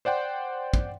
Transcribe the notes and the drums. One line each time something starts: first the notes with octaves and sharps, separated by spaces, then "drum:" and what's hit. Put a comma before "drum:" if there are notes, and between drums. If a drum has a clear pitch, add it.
C5 D5 F#5 G5 C6
drum: kick